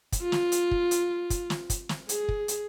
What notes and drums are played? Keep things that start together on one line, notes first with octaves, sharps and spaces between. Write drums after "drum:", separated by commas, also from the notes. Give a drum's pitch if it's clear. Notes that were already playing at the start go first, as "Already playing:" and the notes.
drum: kick, hi-hat
F4
drum: snare
drum: hi-hat
drum: kick
drum: hi-hat
drum: kick, hi-hat
drum: snare
drum: kick, hi-hat
drum: snare
G#4, drum: hi-hat
drum: kick
drum: hi-hat